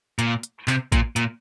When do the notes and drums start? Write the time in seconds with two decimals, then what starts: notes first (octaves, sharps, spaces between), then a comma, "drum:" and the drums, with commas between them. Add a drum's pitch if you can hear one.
0.19 A#2, drum: hi-hat
0.43 drum: hi-hat
0.68 C3, drum: clap
0.92 A#2, drum: kick A1, hi-hat
1.16 A#2, drum: hi-hat